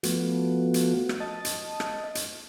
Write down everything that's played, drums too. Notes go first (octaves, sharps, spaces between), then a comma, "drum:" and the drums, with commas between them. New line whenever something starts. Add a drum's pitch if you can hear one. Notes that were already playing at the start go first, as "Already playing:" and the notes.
F3 A3 B3 F#4, drum: hi-hat
drum: hi-hat
drum: rim click
D#5 A5
drum: hi-hat
drum: rim click
drum: hi-hat